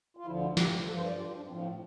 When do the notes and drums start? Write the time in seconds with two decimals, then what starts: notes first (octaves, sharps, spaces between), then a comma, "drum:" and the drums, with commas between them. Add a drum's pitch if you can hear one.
0.17 F4
0.26 D2 D3 F3 E4
0.41 A3
0.57 G4, drum: snare
0.87 G2 F3 A4
0.97 C5
1.07 D5
1.16 G4
1.28 F4
1.36 D4
1.47 A2 F3 C4
1.62 C4